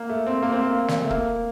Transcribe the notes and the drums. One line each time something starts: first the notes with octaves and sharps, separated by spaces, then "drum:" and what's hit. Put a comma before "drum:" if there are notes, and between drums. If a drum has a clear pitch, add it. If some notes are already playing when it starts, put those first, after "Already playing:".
Already playing: A#3
A3
C4
A#3
C4
A#3
drum: snare
A3
A#3, drum: kick